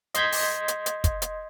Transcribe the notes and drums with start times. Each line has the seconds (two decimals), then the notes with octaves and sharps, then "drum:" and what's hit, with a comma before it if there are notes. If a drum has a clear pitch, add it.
0.15 D#5 C6 G6 G#6 B6, drum: hi-hat
0.32 drum: open hi-hat
0.68 drum: hi-hat
0.86 drum: hi-hat
1.04 drum: kick, hi-hat
1.22 drum: hi-hat